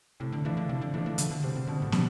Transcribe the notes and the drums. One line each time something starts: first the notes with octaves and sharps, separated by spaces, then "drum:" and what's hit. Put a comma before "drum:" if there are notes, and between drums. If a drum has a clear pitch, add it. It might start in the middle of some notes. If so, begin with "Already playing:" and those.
A2 C3
D3
E3 F3 A3 D4
D3
A2 C3
D3
E3 F3 A3 D4
E3
B2 D3, drum: hi-hat
D3
C3 G3 C4
C3
B2 D3
A2
B2 G3, drum: snare